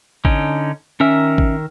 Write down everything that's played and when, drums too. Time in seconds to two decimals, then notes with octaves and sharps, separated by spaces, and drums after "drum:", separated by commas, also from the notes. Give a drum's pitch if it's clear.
0.25 D3 C#4 D#4, drum: kick G#1
1.00 D#3 C#4 A#4 E5 E6
1.38 drum: kick G#1